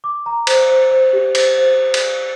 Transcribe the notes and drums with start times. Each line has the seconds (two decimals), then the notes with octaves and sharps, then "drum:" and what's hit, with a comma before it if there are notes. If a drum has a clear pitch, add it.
0.04 D6
0.26 A#5
0.47 C5, drum: cymbal
0.69 C5
0.91 C5
1.13 G4
1.35 C5, drum: cymbal
1.58 C5
1.94 drum: cymbal